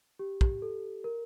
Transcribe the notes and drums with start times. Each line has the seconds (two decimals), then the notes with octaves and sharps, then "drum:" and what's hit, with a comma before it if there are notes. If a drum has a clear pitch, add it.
0.19 G4
0.41 G4, drum: kick
0.62 A4
1.04 A#4